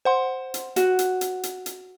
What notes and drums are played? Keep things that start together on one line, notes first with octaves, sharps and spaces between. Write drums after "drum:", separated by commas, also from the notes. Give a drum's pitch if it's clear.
C5 F#5 C6
drum: hi-hat
F#4, drum: hi-hat
drum: hi-hat
drum: hi-hat
drum: hi-hat
drum: hi-hat